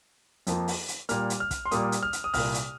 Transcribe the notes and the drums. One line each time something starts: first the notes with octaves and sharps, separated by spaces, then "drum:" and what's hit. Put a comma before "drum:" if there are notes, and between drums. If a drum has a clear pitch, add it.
F2 F3 A#3, drum: hi-hat
drum: open hi-hat
drum: hi-hat
A#2 G3 A#3 F6, drum: hi-hat
drum: hi-hat
F6
drum: kick, hi-hat
C6
A#2 G3 A#3 D#6, drum: hi-hat
drum: hi-hat
F6
drum: hi-hat
D#6
C2 A#2 A#3 F6, drum: open hi-hat
drum: hi-hat